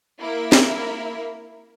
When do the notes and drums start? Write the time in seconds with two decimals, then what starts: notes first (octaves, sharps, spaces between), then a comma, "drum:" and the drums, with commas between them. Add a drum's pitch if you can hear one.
0.20 A#3 E4 A#4 E5
0.52 drum: snare